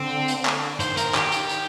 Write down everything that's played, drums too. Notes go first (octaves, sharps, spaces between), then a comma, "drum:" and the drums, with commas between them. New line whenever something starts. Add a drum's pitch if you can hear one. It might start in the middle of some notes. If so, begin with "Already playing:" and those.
Already playing: D3 C4
drum: hi-hat
drum: clap
D#3 C5, drum: hi-hat
A#4, drum: hi-hat
G4, drum: clap
drum: hi-hat
drum: hi-hat